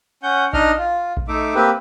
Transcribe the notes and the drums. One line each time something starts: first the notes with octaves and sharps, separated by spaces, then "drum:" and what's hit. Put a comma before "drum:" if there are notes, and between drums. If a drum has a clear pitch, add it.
C#4 F#5 G6
D4 D#4 D#5 F6, drum: kick A#1
F4
drum: kick A#1
A3 D#4 E5 D6
A#3 C4 G4 B4